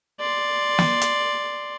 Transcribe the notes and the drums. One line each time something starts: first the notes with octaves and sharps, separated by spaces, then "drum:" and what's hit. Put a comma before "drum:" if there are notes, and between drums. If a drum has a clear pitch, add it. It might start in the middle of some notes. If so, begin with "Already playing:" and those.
D5 C6
drum: snare
drum: hi-hat